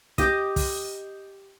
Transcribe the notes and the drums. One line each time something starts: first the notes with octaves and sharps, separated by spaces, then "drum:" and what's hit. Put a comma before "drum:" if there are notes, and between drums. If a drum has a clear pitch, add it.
G4 D#5, drum: kick, hi-hat
drum: kick, open hi-hat